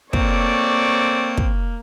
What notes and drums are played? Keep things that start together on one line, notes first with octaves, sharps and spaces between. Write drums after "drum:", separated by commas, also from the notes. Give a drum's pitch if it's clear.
A3 A#3 C4 C#5 D5 C#6, drum: kick
drum: kick